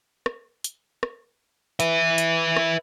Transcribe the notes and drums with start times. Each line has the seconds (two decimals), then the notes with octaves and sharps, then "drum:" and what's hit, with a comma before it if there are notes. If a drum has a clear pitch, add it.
0.26 drum: rim click
0.64 drum: hi-hat
1.03 drum: rim click
1.80 B4 E5, drum: hi-hat
2.18 drum: hi-hat
2.56 drum: rim click